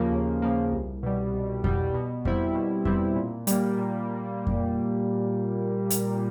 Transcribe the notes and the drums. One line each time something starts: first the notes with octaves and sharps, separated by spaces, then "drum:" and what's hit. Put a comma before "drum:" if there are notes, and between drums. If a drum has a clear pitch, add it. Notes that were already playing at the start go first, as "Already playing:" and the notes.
Already playing: D#2 C#3 F3 A#3
D#2
C#3 F3 A#3
C2
B2 G3
C2
B2 G3, drum: kick F2
B2
G3 C4 E4, drum: kick F2
B2
G3 C4 E4, drum: kick F2
A#2
G3 A#3, drum: hi-hat
A#2
drum: kick F2
drum: hi-hat